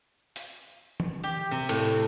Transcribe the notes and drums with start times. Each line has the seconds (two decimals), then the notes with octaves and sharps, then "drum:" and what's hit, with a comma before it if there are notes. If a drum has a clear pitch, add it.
0.36 drum: hi-hat
1.00 drum: tom E3
1.24 G4
1.51 C3
1.69 A2, drum: cymbal